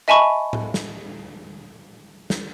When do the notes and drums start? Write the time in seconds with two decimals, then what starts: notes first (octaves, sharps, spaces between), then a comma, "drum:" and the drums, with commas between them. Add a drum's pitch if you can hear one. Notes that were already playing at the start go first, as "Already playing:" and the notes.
0.08 D#5 E5 G#5 A5 B5 C#6
0.53 drum: tom A2
0.74 drum: snare
2.30 drum: snare